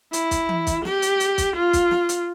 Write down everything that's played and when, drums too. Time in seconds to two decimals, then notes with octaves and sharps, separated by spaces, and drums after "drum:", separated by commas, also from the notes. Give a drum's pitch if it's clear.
0.13 E4, drum: hi-hat
0.31 drum: kick, hi-hat
0.49 drum: tom E3
0.67 drum: kick, hi-hat
0.85 G4, drum: snare
1.02 drum: hi-hat
1.20 drum: hi-hat
1.38 drum: kick, hi-hat
1.56 F4
1.73 drum: kick, hi-hat
1.91 drum: snare
2.09 drum: hi-hat